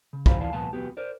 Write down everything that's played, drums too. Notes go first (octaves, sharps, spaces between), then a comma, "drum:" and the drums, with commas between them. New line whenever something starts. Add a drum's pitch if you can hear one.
C#3
E3 F#3 C5 F5 A#5 B5, drum: kick
F2 E3 E4 D5 F5 A5
C2 A#2 F3 G#3 B3 A5
E2 B2 F3 F#3 B3 G4
A#4 C5 D5